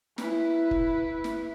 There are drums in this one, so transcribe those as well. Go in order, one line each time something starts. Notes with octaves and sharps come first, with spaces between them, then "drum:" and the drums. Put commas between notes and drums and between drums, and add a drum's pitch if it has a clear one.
E4 B4, drum: snare
drum: kick
drum: snare